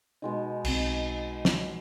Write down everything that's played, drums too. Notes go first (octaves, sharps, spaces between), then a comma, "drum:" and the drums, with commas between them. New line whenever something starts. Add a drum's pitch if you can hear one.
B2 G#3 D#4
B1 C4, drum: cymbal
drum: snare